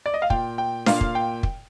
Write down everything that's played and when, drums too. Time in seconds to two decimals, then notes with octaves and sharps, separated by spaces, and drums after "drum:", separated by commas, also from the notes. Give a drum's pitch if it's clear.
0.06 D5
0.14 D#5
0.22 F5
0.30 A#2 G5, drum: kick
0.58 G5
0.86 A#2 F5, drum: snare D4
1.01 drum: kick
1.15 G5
1.43 drum: kick